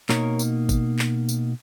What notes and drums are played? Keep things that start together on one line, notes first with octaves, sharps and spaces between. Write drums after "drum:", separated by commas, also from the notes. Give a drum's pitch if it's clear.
B2 A#3 D#4 A#4 C#5, drum: clap
drum: tambourine
drum: kick, tambourine
drum: clap
drum: tambourine